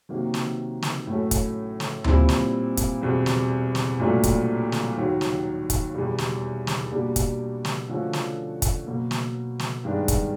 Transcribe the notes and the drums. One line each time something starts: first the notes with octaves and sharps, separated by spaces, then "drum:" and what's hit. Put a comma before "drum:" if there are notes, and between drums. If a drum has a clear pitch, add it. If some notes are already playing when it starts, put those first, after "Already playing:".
C3 D#3 F#3 A#3
drum: snare
drum: snare
A2 F#3 A3 C#4
drum: kick, hi-hat
drum: snare
A#2 G3 C4 E4, drum: tom D2
drum: snare
drum: kick, hi-hat
E2 B2 G3 C4
drum: snare
drum: snare
C2 A#2 F#3 A3 D4
drum: kick, hi-hat
drum: snare
D#2 D#3 F#3
drum: snare
drum: kick, hi-hat
E2 B2 G3
drum: snare
drum: snare
B2 G3 A#3 D4 G4
drum: kick, hi-hat
drum: snare
D3 F3 A3 C#4 F#4
drum: snare
drum: kick, hi-hat
B2 F#3 A#3
drum: snare
drum: snare
G2 D#3 G#3 B3 D4
drum: kick, hi-hat